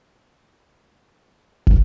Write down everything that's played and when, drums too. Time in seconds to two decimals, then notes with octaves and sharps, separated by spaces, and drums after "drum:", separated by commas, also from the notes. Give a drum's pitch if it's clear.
0.34 A#2
0.78 B2
1.67 drum: kick